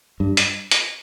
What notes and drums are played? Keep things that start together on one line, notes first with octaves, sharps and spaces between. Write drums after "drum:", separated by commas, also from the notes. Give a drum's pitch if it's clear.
G2
drum: hi-hat
drum: hi-hat